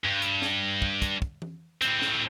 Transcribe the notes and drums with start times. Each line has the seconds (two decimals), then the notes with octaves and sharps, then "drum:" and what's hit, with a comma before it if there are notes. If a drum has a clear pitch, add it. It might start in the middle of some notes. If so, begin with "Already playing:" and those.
0.05 G2
0.22 drum: hi-hat
0.42 drum: snare
0.82 drum: kick
1.02 drum: kick, hi-hat
1.22 drum: kick
1.42 drum: tom E3
1.82 A2 C4, drum: hi-hat
2.02 drum: snare